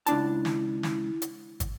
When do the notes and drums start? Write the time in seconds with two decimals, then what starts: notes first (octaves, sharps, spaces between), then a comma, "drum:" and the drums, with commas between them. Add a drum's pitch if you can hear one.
0.06 C#2 D4 E4 A5, drum: hi-hat
0.45 drum: snare
0.83 drum: snare
1.22 drum: hi-hat
1.60 drum: kick, hi-hat